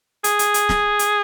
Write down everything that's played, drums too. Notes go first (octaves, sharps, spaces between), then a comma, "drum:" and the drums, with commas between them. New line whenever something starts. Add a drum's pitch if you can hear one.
G#4, drum: hi-hat
drum: hi-hat
drum: hi-hat
drum: snare
drum: hi-hat